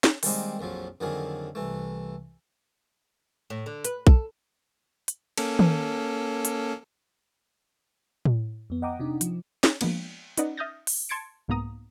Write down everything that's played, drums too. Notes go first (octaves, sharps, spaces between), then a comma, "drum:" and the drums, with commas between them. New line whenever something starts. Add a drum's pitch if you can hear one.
drum: snare
D#3 G3 G#3 A#3 C4 D#4, drum: open hi-hat
A#1 F2 F3 F#3
F2 D3 D#3 F#3 A#3 G#4
C2 E3 A3
A2
D3
B4, drum: hi-hat
A4, drum: kick B1
drum: hi-hat
A#3 C#4 A4, drum: cymbal
drum: tom D#3
drum: hi-hat
drum: tom A2
F2 B3
D#5 F#5 G5 A#5 D6 D#6
C3 D4 D#4
F3, drum: hi-hat
drum: snare
F3 G#3 A#3 B3 D4, drum: cymbal
C#4 D#4 B4 D5 D#5 F#5, drum: hi-hat
E5 D#6 F6 G6 A6 A#6
drum: open hi-hat
A5 C6 G#6 A6 C#7 D7
C2 G#2 A#3 B3 A#5 D#6